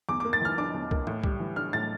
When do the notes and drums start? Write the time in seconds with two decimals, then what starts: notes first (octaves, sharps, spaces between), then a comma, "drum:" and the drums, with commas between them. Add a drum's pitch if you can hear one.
0.09 E2 D6
0.20 A#3 D6
0.33 A6
0.41 E3 F6
0.58 D4 D6
0.74 E2
0.91 A#3, drum: kick
1.07 A2, drum: tom E3
1.24 G3, drum: kick
1.40 E3
1.56 D4 F6
1.73 A2 A6